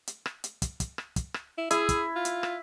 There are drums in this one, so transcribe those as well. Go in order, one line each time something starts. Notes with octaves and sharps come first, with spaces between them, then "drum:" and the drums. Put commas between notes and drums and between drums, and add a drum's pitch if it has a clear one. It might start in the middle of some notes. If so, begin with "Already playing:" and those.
drum: hi-hat
drum: rim click
drum: hi-hat
drum: kick, hi-hat
drum: kick, hi-hat
drum: rim click
drum: kick, hi-hat
drum: rim click
E4
E4 G#4, drum: hi-hat
drum: kick, hi-hat
F4
drum: hi-hat
drum: rim click